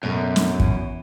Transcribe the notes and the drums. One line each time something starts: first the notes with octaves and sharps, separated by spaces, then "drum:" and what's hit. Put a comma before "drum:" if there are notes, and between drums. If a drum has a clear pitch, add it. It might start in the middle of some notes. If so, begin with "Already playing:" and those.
F#2 B2 A3
drum: snare
E3, drum: kick